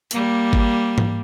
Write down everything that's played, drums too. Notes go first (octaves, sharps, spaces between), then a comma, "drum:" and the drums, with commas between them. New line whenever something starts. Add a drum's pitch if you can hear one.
G3 A#3, drum: hi-hat
drum: kick G#1
drum: tom G#2